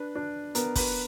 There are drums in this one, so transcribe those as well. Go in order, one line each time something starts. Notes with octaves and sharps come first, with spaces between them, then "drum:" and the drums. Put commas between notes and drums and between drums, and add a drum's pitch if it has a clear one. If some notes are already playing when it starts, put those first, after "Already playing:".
Already playing: D4 B4
D4
B3 A#4, drum: hi-hat
B4, drum: kick, open hi-hat